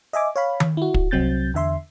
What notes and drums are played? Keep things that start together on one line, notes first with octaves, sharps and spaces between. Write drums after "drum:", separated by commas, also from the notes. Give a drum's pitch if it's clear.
D#5 E5 G#5 D6
C#5 F5 B5
drum: tom D#3
E4 F#4
drum: kick
C2 F#3 C4 G6 A6
E2 D3 E5 C6